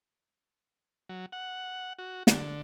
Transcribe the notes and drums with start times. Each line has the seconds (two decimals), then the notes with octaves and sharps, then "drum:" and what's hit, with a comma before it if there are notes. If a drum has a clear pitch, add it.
1.09 F#3
1.32 F#5
1.98 F#4
2.27 D3, drum: snare